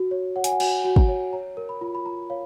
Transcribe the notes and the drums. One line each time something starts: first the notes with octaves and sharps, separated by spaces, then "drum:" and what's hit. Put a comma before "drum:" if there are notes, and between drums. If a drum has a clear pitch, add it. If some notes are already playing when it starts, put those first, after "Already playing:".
Already playing: F#4
C#5
C#5 F#5
G#5, drum: hi-hat
F#5
F#4 G#5, drum: cymbal
F#4
A#5, drum: kick
C#5
C#5 A#5
A#4
B5
F4
B5
F4 A#5
C#5 F5